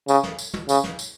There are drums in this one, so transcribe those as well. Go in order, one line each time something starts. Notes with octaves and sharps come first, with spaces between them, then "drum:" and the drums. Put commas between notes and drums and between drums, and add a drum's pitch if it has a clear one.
C#3, drum: tambourine
drum: snare
drum: tambourine
drum: tom
C#3, drum: tambourine
drum: snare
drum: tambourine